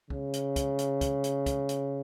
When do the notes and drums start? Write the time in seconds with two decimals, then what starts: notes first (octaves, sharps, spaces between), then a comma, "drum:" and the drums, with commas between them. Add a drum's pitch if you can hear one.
0.10 C#3, drum: kick
0.34 drum: hi-hat
0.56 drum: kick, hi-hat
0.79 drum: hi-hat
1.01 drum: kick, hi-hat
1.24 drum: hi-hat
1.46 drum: kick, hi-hat
1.69 drum: hi-hat